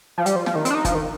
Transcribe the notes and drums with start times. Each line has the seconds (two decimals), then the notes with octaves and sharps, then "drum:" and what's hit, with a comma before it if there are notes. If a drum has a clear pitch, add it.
0.18 F3
0.26 G3, drum: hi-hat
0.36 F3
0.46 F3, drum: snare
0.56 D#3
0.65 C4, drum: hi-hat
0.70 D4
0.75 D#4
0.85 F3, drum: kick F#1, hi-hat
0.95 D#3